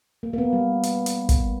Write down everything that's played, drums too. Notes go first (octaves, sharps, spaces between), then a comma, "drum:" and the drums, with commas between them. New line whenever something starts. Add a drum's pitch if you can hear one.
A#3
A#3
B3
G3
drum: hi-hat
drum: hi-hat
drum: kick, hi-hat